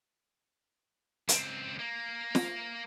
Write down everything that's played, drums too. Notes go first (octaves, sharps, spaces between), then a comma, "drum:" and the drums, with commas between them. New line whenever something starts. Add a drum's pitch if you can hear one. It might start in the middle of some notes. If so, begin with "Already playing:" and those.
C#2 C4, drum: hi-hat
A#3
drum: snare